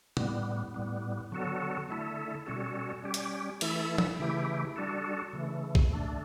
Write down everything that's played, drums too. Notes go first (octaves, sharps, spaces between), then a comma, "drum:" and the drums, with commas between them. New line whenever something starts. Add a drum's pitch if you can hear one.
A2 G3 B3, drum: tom
A2 G3 B3
D3 F#3 B3 F#4 A4
D3 A3 E4 A4
B2 G3 C#4 F#4 A4
G3 C#4 G4
drum: hi-hat
E3 A3 E4 A4, drum: cymbal
drum: tom
C#3 E3 A3 E4 G4
G3 D4 F#4 A4
C#3 E3 A3
drum: kick A#1
D3 A3 D4